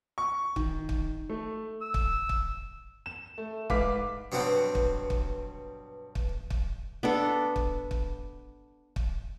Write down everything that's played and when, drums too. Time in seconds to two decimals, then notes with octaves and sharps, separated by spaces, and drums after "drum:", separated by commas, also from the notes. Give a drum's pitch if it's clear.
0.18 C#6
0.56 D#3, drum: kick
0.89 drum: kick
1.29 A3
1.81 E6
1.94 drum: kick
2.29 drum: kick
3.06 E7
3.38 A3
3.70 G#2 B4 F5 D6 B6, drum: kick
4.32 G2 B2 F#3 C4 F#4
4.75 drum: kick
5.10 drum: kick
6.15 drum: kick
6.50 drum: kick
7.03 B3 D4 A4
7.56 drum: kick
7.91 drum: kick
8.96 drum: kick